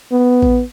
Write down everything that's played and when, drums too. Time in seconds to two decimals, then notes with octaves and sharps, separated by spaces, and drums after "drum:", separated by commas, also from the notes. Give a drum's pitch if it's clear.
0.11 B3
0.42 drum: kick A1